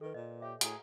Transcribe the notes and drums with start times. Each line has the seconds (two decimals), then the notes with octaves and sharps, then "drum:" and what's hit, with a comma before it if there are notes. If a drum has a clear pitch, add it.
0.01 D#3 A4 B4
0.14 A#2 D#5
0.42 G4 C#5 E5
0.61 A2 F#4 G#4 G#5 A#5, drum: hi-hat